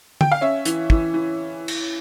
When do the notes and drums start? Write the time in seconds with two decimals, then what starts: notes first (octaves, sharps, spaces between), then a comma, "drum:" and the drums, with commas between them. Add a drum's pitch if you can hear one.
0.21 G5, drum: tom D3
0.32 F5
0.41 C#4 E5
0.65 E3, drum: hi-hat
0.90 E3, drum: kick
1.14 E3
1.68 drum: cymbal